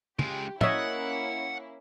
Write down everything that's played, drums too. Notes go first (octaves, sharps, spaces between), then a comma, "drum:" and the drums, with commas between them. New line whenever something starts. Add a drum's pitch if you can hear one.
C#2 G#3 G4, drum: tom
A#3 C#4 E4 C#5 D#5 E5 F#5, drum: tom